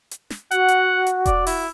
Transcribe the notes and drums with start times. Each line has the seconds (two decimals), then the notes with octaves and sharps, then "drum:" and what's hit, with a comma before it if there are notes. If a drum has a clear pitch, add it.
0.11 drum: hi-hat
0.30 drum: snare
0.51 F#4 F#5, drum: hi-hat
0.68 drum: hi-hat
1.07 drum: hi-hat
1.26 D5, drum: kick E1, hi-hat
1.47 E4, drum: open hi-hat